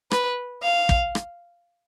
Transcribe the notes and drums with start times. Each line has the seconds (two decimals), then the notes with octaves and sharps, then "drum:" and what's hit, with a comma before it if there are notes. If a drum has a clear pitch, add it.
0.11 B4, drum: rim click
0.63 F5
0.89 drum: kick
1.15 drum: rim click